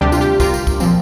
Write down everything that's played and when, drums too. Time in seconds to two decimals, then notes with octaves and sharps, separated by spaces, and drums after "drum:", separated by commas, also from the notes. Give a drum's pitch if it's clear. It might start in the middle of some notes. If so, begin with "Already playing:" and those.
0.01 D2 C3 G3 D4 G4
0.12 F4, drum: tambourine
0.21 G4
0.40 F4 A#4, drum: kick, tambourine
0.54 drum: tambourine
0.67 drum: kick, tambourine
0.80 A#2 F3 C4, drum: tambourine